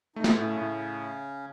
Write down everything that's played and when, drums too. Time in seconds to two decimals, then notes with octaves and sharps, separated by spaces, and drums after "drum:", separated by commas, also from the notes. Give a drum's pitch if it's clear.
0.15 A3 D#4
0.24 C#4, drum: snare
0.33 A2 B3
0.42 C#3 C#4
0.57 A2